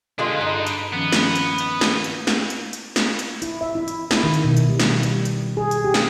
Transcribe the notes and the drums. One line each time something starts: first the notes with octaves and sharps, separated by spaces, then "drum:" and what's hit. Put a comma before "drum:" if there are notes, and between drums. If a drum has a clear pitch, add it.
D3 G#3 D4 F4 B4
G2 D#4 D#6 A6
drum: hi-hat
D#3 F3 B3 C#4
drum: snare
drum: hi-hat
drum: hi-hat
drum: snare
drum: hi-hat
drum: snare
drum: hi-hat
drum: hi-hat
drum: snare
drum: hi-hat
E4, drum: hi-hat
E5
E4
drum: hi-hat
E4, drum: snare
D#3
drum: hi-hat
B2
drum: hi-hat
G3
drum: snare
G3, drum: hi-hat
drum: hi-hat
G#4
drum: hi-hat
G4
drum: snare